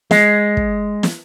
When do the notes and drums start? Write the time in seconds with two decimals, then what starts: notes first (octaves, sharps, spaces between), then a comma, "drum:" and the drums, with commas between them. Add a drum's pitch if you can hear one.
0.11 G#3, drum: snare
0.57 drum: kick
1.03 drum: snare